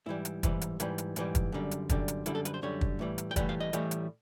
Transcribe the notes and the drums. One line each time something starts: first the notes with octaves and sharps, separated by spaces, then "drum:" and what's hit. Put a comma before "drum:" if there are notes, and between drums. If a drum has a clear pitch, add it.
G#2 E3 G3 E4
drum: hi-hat
G#2 E3 G3, drum: kick, hi-hat
drum: hi-hat
G#2 E3 G3, drum: hi-hat
drum: hi-hat
G#2 E3 G3, drum: hi-hat
drum: kick, hi-hat
F#2 D3 G3
drum: hi-hat
F#2 D3 G3, drum: kick, hi-hat
drum: hi-hat
F#2 D3 G3 E4, drum: hi-hat
A4
B4, drum: hi-hat
C5
F#2 D3 G3 C#5
drum: kick
A2 E3 G3
drum: hi-hat
G5
A2 E3 G3 F#5, drum: kick, hi-hat
F5
D#5
A2 E3 G3, drum: hi-hat
drum: hi-hat